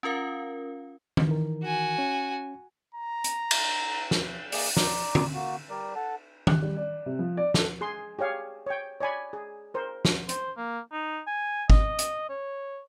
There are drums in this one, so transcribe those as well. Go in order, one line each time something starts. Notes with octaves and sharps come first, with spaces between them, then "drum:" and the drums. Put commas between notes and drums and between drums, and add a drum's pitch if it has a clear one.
C#4 F4 A#4 F5
drum: tom D#3
D#3 E3 A#4
F#4 G#5
C#4
A#5
drum: hi-hat
drum: cymbal
drum: snare
A#3 G#4 D5, drum: open hi-hat
D5 A#5 D6, drum: snare
drum: tom
A#3 F#4
G3 A#4 D5
A4 F#5 A5
F#6, drum: tom D#3
G3
D5
C3
F3
D5
A4, drum: snare
G#4 C6
G4 G#4 C#5 F5
C#5 G5
C#5 D5 G#5 B5
G#4
A#4 C5
drum: snare
C5, drum: hi-hat
A#3
D#4
G#5
D#5, drum: kick G1
drum: hi-hat
C#5